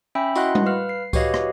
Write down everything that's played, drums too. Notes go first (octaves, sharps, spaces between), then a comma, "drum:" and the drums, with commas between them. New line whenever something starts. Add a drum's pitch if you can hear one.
C#4 E5 G5 B5 E6
E4 F#4 D#5 F#5 C6 F#6, drum: tambourine
drum: tom G3
B4 F5 F6
C7
F#4 G4 B4 C#5 D#5 F5, drum: kick C#2, tambourine
drum: rim click